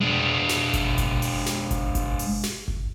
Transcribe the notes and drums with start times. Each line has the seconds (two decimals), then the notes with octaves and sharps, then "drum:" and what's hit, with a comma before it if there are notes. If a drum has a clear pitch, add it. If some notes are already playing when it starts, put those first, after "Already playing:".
0.01 G#3 D4
0.49 drum: snare
0.73 drum: kick G1, hi-hat
0.98 drum: kick G1, hi-hat
1.22 drum: open hi-hat
1.46 drum: snare
1.71 drum: kick G1, hi-hat
1.95 drum: kick G1, hi-hat
2.19 drum: open hi-hat
2.43 drum: snare
2.68 drum: kick G1